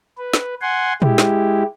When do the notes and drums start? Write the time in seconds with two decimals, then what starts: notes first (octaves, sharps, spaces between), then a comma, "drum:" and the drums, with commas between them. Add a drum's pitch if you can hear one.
0.18 B4
0.34 drum: snare
0.61 F#5 G#5 C6
1.02 G#3 E4 G4, drum: tom A#2
1.18 drum: snare